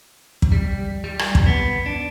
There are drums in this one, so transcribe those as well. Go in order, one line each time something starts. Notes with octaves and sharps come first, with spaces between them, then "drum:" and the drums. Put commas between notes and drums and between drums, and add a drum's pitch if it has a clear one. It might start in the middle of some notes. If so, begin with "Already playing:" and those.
drum: kick
G3
G3
drum: rim click
drum: kick
B3
D4